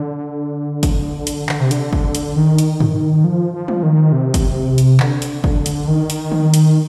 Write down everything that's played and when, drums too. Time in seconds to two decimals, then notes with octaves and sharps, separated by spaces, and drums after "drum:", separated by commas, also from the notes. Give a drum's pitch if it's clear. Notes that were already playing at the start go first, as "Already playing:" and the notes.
Already playing: D3
0.83 drum: kick, hi-hat
1.27 drum: hi-hat
1.49 D3, drum: clap
1.60 C3
1.71 D3, drum: hi-hat
1.93 drum: kick
2.15 drum: hi-hat
2.36 D#3
2.58 drum: hi-hat
2.80 drum: tom G2
3.24 F3
3.54 F3
3.68 drum: tom F#3
3.83 D#3
4.12 C3
4.34 drum: kick, hi-hat
4.78 drum: hi-hat
5.00 D3, drum: clap
5.22 drum: hi-hat
5.44 drum: kick
5.66 drum: hi-hat
5.88 D#3
6.10 drum: hi-hat
6.32 drum: tom D3
6.54 drum: hi-hat